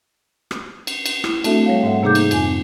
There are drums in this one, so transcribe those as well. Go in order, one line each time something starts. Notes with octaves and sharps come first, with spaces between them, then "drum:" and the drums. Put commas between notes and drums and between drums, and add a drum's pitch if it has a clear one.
drum: rim click
drum: cymbal
drum: cymbal
E4, drum: rim click
A3 C4 D4 F#4 A4 E5, drum: cymbal
G3 C#5 F5
G#2 A4 E5 F#5
C3 A#3 D#4 G#4 D6 G6
drum: cymbal
F2 C4 G#5, drum: cymbal